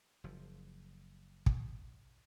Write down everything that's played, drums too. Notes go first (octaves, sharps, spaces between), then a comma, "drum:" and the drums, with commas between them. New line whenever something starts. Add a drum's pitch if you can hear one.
F#1 F3
drum: kick